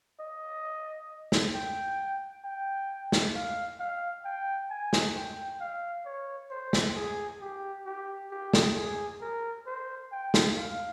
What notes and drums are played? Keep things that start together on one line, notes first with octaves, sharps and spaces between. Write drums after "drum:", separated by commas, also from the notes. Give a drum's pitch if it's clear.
D#5
drum: snare
G5
G5
drum: snare
F5
F5
G5
G#5
drum: snare
G5
F5
C#5
C5
drum: snare
G#4
G4
G4
G4
drum: snare
G#4
A#4
C5
G5
drum: snare
F5